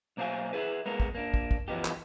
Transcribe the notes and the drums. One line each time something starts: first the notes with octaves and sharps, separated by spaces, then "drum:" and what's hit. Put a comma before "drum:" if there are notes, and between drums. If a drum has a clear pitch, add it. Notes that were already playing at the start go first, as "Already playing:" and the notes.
B1 A#3 C5 F5 G#5
E4 G#4 B4
G#3 A#3 B3 A#4
drum: kick
A#3 D4
drum: kick
drum: kick
E3 F3 B3 D#4 G4
drum: clap